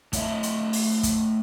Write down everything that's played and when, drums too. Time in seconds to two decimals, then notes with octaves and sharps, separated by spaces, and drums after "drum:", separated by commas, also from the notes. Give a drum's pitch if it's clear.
0.13 A3 E4 C#5 D#5 E5, drum: kick, hi-hat
0.43 drum: hi-hat
0.73 drum: open hi-hat
1.03 drum: kick, hi-hat